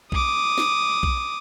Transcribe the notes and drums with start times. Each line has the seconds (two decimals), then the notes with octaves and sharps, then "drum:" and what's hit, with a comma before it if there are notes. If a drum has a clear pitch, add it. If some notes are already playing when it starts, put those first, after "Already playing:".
0.12 D6 D#6, drum: kick B1
0.58 drum: snare
1.03 drum: kick B1